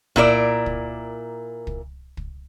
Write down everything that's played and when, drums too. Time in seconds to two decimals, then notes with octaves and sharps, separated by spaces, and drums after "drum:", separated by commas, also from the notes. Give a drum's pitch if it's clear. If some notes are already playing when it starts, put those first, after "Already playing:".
0.16 A#2 E4 A#4 D5, drum: kick
0.66 drum: kick
1.67 drum: kick
2.17 drum: kick